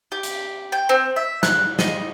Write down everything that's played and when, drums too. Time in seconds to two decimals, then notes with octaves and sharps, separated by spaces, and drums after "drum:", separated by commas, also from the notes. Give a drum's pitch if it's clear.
0.12 G4
0.23 drum: hi-hat
0.72 G5
0.89 C4
1.16 E5
1.43 F#6, drum: snare
1.79 D#5, drum: snare